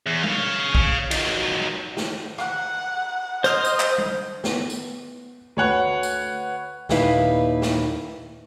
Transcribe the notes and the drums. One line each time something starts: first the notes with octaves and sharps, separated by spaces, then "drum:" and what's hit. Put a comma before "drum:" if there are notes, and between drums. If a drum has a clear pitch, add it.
E2
C#5 F5, drum: tom G#3
drum: kick
D#3 F#3, drum: cymbal
drum: snare
F#5, drum: rim click
C5 D#5 F6, drum: hi-hat
drum: tambourine
drum: clap
drum: tom G#3
B3, drum: snare
drum: tambourine
D2 B4 C#5 F#5
drum: tambourine
D#2 A#2 D#4 E4 B4 F5, drum: snare
drum: snare